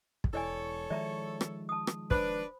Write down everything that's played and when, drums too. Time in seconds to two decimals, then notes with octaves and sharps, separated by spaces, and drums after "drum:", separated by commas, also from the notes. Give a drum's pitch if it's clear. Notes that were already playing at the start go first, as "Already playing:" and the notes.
0.24 drum: kick
0.33 E1 E4 A4 C#5 D5 G#5
0.90 D#3 F3 G#3 D5 E5 A#5
1.41 drum: rim click
1.69 A5 D#6
1.87 drum: rim click
2.11 D4 B4 C5 B5, drum: kick